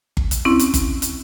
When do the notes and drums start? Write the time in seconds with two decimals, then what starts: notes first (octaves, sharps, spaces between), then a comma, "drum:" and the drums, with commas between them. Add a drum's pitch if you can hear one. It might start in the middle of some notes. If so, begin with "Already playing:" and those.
0.17 drum: kick G1
0.31 drum: hi-hat
0.45 C4 C#4 E4
0.59 drum: hi-hat
0.74 drum: kick G1, hi-hat
1.02 drum: hi-hat